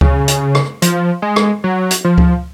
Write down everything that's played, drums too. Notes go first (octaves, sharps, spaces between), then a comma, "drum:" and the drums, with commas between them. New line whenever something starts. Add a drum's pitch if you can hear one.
C#3, drum: kick C#2
drum: hi-hat
drum: rim click
F3, drum: hi-hat
G#3
drum: rim click
F#3
drum: hi-hat
F3
drum: kick C#2